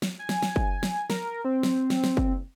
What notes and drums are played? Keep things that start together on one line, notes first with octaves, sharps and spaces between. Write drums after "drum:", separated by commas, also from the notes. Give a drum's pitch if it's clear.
drum: snare
G#5
drum: snare
drum: snare
drum: kick
drum: snare
A#4, drum: snare
C4
drum: snare
drum: snare
drum: snare
drum: kick